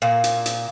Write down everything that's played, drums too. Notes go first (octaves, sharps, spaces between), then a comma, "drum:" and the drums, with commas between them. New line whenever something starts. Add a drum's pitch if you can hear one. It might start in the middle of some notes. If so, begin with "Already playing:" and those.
A#2
drum: hi-hat
drum: hi-hat